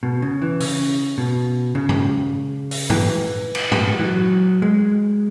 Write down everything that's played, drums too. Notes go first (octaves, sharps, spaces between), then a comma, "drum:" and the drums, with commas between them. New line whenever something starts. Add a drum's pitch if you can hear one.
B2
C#3
E3
C#3, drum: open hi-hat
B2
C#3
drum: tom G2
drum: open hi-hat
E3, drum: tom G2
drum: cymbal
drum: tom G2
E3
F#3
G#3